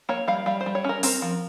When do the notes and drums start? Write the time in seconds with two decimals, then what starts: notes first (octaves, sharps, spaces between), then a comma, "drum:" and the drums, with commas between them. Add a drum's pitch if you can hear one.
0.09 A#3 C#5
0.28 G3 F5
0.46 G3 F5
0.61 C5
0.66 G3
0.75 C#5
0.84 C#4 A#4
1.03 C4 A#4, drum: open hi-hat
1.22 F3